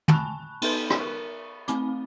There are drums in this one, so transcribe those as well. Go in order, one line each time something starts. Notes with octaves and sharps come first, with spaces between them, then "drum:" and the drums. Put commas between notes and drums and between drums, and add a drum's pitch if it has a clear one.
G#5 A5 B5 C#6 F#6, drum: tom
B3 D#4 A4 B4 C6, drum: cymbal
drum: rim click
A#4 C#6
A3 C4 B5 D6, drum: hi-hat